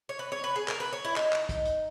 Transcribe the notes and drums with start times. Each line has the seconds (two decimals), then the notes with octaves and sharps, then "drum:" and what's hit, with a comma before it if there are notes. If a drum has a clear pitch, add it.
0.09 C#5
0.19 B4
0.32 C#5
0.44 B4
0.56 G#4
0.68 A#4, drum: clap
0.80 B4
0.93 C#5
1.05 E4
1.16 D#4, drum: clap
1.33 drum: clap
1.49 drum: kick, hi-hat
1.65 drum: hi-hat